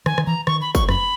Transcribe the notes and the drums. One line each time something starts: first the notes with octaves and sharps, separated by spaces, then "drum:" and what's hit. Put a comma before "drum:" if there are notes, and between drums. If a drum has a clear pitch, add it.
D#3 G#5, drum: rim click
D#3, drum: rim click
E3 A#5
D#3 C#6, drum: rim click
B5
C#6, drum: kick, tambourine
F#2 B5, drum: rim click